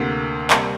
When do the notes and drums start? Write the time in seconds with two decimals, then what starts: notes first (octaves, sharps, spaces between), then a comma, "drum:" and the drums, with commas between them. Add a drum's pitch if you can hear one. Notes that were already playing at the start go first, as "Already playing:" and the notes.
Already playing: D2 C3 A#3
0.50 C3 G3 A#3, drum: clap